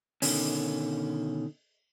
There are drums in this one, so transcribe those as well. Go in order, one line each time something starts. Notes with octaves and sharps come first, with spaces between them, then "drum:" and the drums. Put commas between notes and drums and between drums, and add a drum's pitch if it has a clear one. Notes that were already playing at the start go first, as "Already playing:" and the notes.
B2 D3 D#3 C#4, drum: open hi-hat